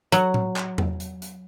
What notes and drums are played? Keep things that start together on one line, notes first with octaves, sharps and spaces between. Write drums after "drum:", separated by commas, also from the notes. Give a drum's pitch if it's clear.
F#3, drum: hi-hat
drum: tom A2
drum: clap
drum: tom E2
drum: hi-hat
drum: hi-hat